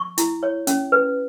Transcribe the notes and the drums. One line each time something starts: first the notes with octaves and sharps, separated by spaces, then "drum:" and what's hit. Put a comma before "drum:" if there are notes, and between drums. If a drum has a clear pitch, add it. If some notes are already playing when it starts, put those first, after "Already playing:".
Already playing: C#6
E4, drum: hi-hat
C#5
C#4, drum: hi-hat
B4